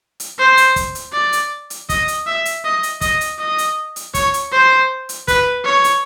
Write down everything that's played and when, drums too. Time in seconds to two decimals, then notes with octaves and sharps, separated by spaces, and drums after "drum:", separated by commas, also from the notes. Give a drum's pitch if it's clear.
0.20 drum: hi-hat
0.39 C5
0.57 drum: hi-hat
0.76 drum: kick, hi-hat
0.95 drum: hi-hat
1.13 D5
1.33 drum: hi-hat
1.70 drum: hi-hat
1.89 D#5, drum: kick, hi-hat
2.08 drum: hi-hat
2.27 E5
2.45 drum: hi-hat
2.65 D#5
2.83 drum: hi-hat
3.01 D#5, drum: kick, hi-hat
3.21 drum: hi-hat
3.40 D#5
3.58 drum: hi-hat
3.96 drum: hi-hat
4.14 C#5, drum: kick, hi-hat
4.34 drum: hi-hat
4.52 C5
5.09 drum: hi-hat
5.28 B4, drum: kick, hi-hat
5.65 C#5
5.84 drum: hi-hat